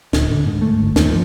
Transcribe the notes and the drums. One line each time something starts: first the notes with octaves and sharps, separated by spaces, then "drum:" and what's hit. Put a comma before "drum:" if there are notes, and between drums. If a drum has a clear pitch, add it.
D1, drum: snare
D3
G#2
A3
G1
D#2, drum: snare
F3